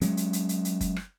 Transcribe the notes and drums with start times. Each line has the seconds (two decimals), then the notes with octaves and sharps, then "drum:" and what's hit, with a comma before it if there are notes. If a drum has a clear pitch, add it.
0.01 F#3 G#3 C#4, drum: hi-hat
0.17 drum: hi-hat
0.33 drum: hi-hat
0.49 drum: hi-hat
0.65 drum: hi-hat
0.81 drum: kick F#1, hi-hat
0.96 drum: rim click